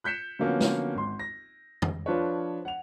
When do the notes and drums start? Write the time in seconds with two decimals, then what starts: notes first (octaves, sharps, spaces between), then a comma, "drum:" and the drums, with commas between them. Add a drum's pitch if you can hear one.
0.04 F#6 G6 B6 C#7 E7
0.39 D3 F3 F#3 A#3 B3 C#4
0.61 drum: snare
0.95 G#1 C6
1.19 A#6
1.82 drum: tom
2.06 F3 D4 F4 B4 C#5
2.65 F#5 F7